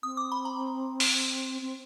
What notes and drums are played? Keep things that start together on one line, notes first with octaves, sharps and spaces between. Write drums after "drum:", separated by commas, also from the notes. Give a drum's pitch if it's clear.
C4 D#6
D6
B5
A#5
drum: open hi-hat
C4